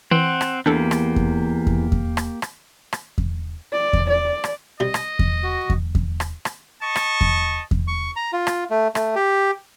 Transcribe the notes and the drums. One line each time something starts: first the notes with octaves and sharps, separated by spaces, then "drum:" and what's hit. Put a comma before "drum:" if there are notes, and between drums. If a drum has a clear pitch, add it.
E3 C4 F#5
drum: rim click
E2 A#3 D4 G4 A4
drum: rim click
drum: kick E2
drum: kick E2
drum: kick E2
drum: rim click
drum: rim click
drum: rim click
drum: kick E2
D5
drum: kick E2
D5
drum: rim click
C3 G3 D#5
drum: rim click
drum: kick E2
F#4
drum: kick E2
drum: kick E2
drum: rim click
drum: rim click
D#5 A5 C#6
drum: rim click
drum: kick E2
drum: kick E2
C#6
A#5
F4
drum: rim click
A3
A3, drum: rim click
G4